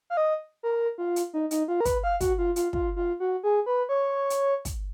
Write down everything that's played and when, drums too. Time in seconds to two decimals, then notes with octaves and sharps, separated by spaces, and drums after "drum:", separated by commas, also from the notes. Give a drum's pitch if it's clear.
0.10 F5
0.17 D#5
0.63 A#4
0.98 F4
1.16 drum: hi-hat
1.34 D#4
1.51 D#4, drum: hi-hat
1.68 F4
1.81 A#4
1.85 B4, drum: kick, hi-hat
2.04 F5
2.21 F#4, drum: kick, hi-hat
2.38 F4
2.56 F4, drum: hi-hat
2.73 F4, drum: kick
2.96 F4
3.20 F#4
3.43 G#4
3.66 B4
3.89 C#5
4.30 drum: hi-hat
4.65 drum: kick, hi-hat